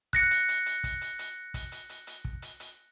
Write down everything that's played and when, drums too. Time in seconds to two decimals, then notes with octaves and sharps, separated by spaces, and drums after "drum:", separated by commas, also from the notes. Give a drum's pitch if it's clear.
0.13 F#6 A#6 C#7, drum: kick
0.31 drum: hi-hat
0.48 drum: hi-hat
0.66 drum: hi-hat
0.84 drum: kick, hi-hat
1.01 drum: hi-hat
1.19 drum: hi-hat
1.54 drum: kick, hi-hat
1.72 drum: hi-hat
1.89 drum: hi-hat
2.07 drum: hi-hat
2.25 drum: kick
2.42 drum: hi-hat
2.60 drum: hi-hat